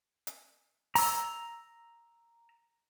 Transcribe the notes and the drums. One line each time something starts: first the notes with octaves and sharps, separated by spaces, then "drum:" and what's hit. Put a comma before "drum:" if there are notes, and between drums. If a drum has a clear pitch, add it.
drum: hi-hat
A#5 E6, drum: open hi-hat